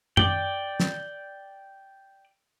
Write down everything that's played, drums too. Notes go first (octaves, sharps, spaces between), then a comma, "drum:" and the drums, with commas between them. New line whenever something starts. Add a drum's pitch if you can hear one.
D5 G5, drum: tom F#2
drum: snare